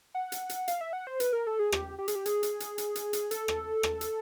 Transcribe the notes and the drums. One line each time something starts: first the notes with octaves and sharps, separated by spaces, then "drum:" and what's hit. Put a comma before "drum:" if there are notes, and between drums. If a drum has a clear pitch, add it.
F#5
drum: hi-hat
drum: hi-hat
F5, drum: hi-hat
E5
F#5
C5
B4, drum: hi-hat
A#4
A4
G#4
G4, drum: rim click
G4
G#4, drum: hi-hat
G4
G#4, drum: hi-hat
drum: hi-hat
drum: hi-hat
drum: hi-hat
drum: hi-hat
drum: hi-hat
A4, drum: hi-hat
drum: rim click
drum: rim click
drum: hi-hat